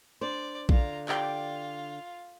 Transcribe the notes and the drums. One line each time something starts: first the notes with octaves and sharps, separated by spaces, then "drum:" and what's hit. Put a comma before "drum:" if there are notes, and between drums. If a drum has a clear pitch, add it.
D4 C5 D5
D3 F4 A#5, drum: kick A#1
F4 G4 D5 G5, drum: clap